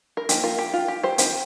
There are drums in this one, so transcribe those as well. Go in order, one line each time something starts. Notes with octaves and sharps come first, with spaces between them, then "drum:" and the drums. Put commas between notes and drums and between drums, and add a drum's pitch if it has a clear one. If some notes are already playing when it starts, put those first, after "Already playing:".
A#4
F3 A#3 D#4 G4, drum: hi-hat
F4 A#4
G4
F4
G4
G4 C5
D#3 C4 D#4 G4 C5, drum: hi-hat